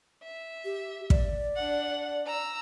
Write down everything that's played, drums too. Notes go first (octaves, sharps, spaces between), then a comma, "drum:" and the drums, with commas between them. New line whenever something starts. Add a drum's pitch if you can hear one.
E5
G4
D5, drum: kick
D4 F#5
A#5 E6